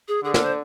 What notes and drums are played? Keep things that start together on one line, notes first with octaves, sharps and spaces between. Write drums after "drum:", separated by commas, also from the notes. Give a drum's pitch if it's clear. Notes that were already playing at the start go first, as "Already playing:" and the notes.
G#4
D3 G#4
A#4, drum: snare
C5